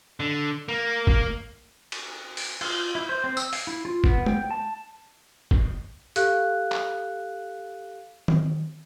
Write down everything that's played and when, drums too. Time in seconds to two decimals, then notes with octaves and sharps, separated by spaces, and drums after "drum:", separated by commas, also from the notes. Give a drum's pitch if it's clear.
0.20 D3
0.69 A#3
1.07 drum: kick
1.92 drum: cymbal
2.37 drum: open hi-hat
2.61 F4, drum: cymbal
2.95 E4
3.09 C5
3.24 C4
3.37 E6, drum: tambourine
3.53 F5, drum: open hi-hat
3.67 E4
3.85 F4
4.04 B3, drum: kick
4.26 G5, drum: tom G#3
4.51 A5
5.51 drum: kick
6.16 G4 A4 F5 F#6, drum: hi-hat
6.72 drum: clap
8.28 drum: tom D#3